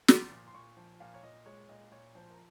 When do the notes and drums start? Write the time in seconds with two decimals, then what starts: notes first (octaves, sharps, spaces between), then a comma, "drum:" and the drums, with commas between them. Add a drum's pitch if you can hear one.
0.08 F3 C6, drum: snare
0.31 A#2
0.48 C6
0.54 A#2 C#6
0.77 F3
1.00 A#2 F5
1.14 C#5
1.23 A#2 D#5
1.46 G#3 C#5
1.69 A#2 D#5
1.91 A#2 C#5
2.15 F3 C5
2.31 A#4